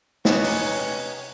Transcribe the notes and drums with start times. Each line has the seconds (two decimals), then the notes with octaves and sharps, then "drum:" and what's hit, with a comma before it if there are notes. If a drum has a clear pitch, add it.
0.25 C3 B3 C#4 D#4, drum: snare
0.44 drum: open hi-hat